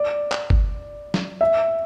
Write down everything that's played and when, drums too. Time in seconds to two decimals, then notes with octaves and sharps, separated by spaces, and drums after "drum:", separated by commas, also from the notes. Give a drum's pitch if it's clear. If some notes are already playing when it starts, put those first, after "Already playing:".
Already playing: D5
0.31 drum: clap
0.50 drum: kick
1.14 drum: snare
1.41 E5